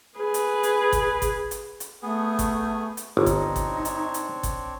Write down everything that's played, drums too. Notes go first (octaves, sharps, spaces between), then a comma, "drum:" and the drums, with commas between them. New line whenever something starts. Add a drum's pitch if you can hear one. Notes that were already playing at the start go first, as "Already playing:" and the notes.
G#4 B4
drum: hi-hat
drum: hi-hat
drum: kick G1, hi-hat
drum: kick G1, hi-hat
drum: hi-hat
drum: hi-hat
A3 B3 G#4
drum: kick G1, hi-hat
drum: hi-hat
G1 C4 D4 D#4 C#5
drum: kick G1, hi-hat
drum: kick G1, hi-hat
drum: hi-hat
drum: hi-hat
drum: kick G1, hi-hat